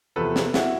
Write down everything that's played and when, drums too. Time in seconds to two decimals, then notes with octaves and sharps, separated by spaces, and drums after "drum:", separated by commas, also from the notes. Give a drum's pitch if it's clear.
0.16 E2 C3 F3 A4 B4
0.36 drum: snare
0.54 E4 F#4, drum: snare